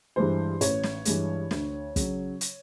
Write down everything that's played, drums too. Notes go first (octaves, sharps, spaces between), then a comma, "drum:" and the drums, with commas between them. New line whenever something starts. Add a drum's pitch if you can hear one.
G2 E3 G#3 C5
A1 C#5, drum: hi-hat
drum: snare
G2 E3 G#3, drum: hi-hat
D2, drum: snare
C#3 F#3, drum: kick, hi-hat
drum: hi-hat